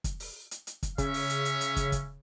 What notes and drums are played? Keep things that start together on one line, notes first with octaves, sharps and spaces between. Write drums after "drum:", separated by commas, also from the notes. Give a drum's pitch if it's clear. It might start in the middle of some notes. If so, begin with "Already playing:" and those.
drum: kick, hi-hat
drum: open hi-hat
drum: hi-hat
drum: hi-hat
drum: kick, hi-hat
C#3 C#4 E5, drum: kick, hi-hat
drum: open hi-hat
drum: hi-hat
drum: hi-hat
drum: hi-hat
drum: kick, hi-hat
drum: kick, hi-hat